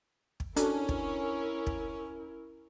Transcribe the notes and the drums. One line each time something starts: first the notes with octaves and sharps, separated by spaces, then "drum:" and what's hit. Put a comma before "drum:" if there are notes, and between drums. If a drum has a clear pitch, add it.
drum: kick
C#4 D4 E4 F#4 A4 A#4, drum: hi-hat
drum: kick
drum: kick